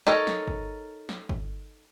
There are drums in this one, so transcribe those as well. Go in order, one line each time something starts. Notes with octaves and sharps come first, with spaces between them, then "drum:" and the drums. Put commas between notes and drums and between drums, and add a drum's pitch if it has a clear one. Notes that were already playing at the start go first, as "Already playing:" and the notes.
D#4 A4 A#4 C#5
drum: snare
drum: kick
drum: snare
drum: kick